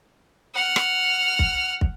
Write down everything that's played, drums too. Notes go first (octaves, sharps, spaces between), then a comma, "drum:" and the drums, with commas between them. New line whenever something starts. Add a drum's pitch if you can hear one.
F#5 F6
drum: rim click
drum: kick
drum: kick